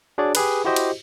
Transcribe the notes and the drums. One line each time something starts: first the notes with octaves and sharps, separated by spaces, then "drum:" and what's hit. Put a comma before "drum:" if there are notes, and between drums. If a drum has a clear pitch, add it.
D4 F#4 G#4 C#5 D5
G4 G#4 B4, drum: cymbal
E4 F#4 G4 C5 D#5
drum: cymbal